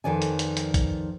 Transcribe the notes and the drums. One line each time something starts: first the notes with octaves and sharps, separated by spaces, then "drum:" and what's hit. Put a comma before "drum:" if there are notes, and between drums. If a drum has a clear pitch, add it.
F2 D#3 B4 D5 G#5
drum: hi-hat
drum: hi-hat
drum: hi-hat
drum: kick, hi-hat